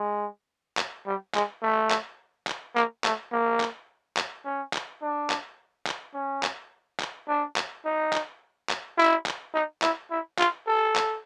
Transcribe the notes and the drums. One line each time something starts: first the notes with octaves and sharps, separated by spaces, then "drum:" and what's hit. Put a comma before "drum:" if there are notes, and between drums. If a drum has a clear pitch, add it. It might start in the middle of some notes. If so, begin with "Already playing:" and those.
Already playing: G#3
drum: clap
G3
G#3, drum: clap
A3
drum: clap
drum: clap
A#3
A3, drum: clap
A#3
drum: clap
drum: clap
C#4
drum: clap
D4
drum: clap
drum: clap
C#4
drum: clap
drum: clap
D4
drum: clap
D#4
drum: clap
drum: clap
E4
drum: clap
D#4
E4, drum: clap
E4
F4, drum: clap
A4
drum: clap